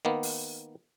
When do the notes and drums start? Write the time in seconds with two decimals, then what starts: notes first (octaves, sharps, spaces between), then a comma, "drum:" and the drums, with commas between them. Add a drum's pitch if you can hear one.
0.05 D#3 A#3 B3
0.23 drum: open hi-hat